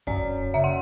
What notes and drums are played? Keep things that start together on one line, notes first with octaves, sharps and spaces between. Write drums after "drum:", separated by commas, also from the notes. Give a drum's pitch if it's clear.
F#2 D5, drum: kick
F#1 E5
F#5